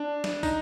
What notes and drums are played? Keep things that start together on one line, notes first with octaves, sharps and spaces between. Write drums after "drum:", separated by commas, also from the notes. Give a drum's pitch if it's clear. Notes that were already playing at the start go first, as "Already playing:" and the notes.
Already playing: D4
drum: snare
D#4, drum: kick, tambourine